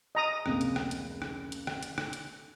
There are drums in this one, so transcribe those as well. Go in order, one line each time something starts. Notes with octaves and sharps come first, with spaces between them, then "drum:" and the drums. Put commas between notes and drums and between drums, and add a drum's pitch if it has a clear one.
D#5 A#5 D#6
F1 C#2 A#3, drum: rim click
drum: hi-hat
drum: rim click
drum: hi-hat
drum: rim click
drum: hi-hat
drum: rim click
drum: hi-hat
drum: rim click
drum: hi-hat